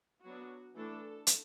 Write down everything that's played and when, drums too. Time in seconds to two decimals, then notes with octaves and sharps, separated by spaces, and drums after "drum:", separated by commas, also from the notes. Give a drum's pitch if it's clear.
0.24 F#3 B3 D4 F#4
0.75 E3 A3 D4 A4
1.27 drum: hi-hat